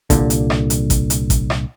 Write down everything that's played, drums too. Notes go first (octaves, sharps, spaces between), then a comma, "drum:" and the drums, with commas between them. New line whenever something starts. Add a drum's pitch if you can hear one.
C2 A#2 D3, drum: kick A1, hi-hat
drum: hi-hat
drum: rim click
drum: hi-hat
drum: kick A1, hi-hat
drum: hi-hat
drum: kick A1, hi-hat
drum: rim click